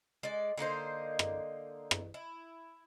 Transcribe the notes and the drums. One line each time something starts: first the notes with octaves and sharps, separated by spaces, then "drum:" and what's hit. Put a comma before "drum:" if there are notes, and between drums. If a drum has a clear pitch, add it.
G#3 D5
D3 A#3 D#4 C5
drum: rim click
drum: rim click
E4